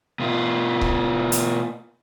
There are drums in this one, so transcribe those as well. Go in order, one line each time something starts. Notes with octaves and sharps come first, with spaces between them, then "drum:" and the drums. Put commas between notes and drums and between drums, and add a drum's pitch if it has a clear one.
B2 F4
drum: kick C#1
drum: hi-hat